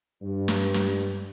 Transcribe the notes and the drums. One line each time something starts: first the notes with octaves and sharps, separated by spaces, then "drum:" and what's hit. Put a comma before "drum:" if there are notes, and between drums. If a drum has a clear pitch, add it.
G2
drum: snare
drum: snare